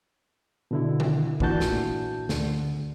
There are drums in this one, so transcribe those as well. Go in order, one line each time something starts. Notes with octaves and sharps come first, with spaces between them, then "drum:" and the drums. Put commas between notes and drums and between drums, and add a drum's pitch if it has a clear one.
B2 D3 E4
drum: tom D#3
A#2 E3 D4 F#4 A5 G6, drum: kick
drum: snare
D2 D3, drum: snare